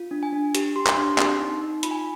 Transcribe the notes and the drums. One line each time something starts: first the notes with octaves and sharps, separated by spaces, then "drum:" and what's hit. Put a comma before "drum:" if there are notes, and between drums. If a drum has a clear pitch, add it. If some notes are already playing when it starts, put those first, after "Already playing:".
Already playing: F4
D4
G#5
D4
G4, drum: hi-hat
G4 C6
drum: clap
D4 C6
C4, drum: clap
D#4
D#4
F4 B5, drum: hi-hat
G#5